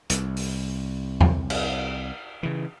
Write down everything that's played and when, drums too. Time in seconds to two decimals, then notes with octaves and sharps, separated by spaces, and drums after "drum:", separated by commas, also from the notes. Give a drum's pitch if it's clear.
0.10 C2, drum: hi-hat
0.37 drum: open hi-hat
1.21 drum: tom E2
1.50 drum: cymbal
2.43 C#3 E3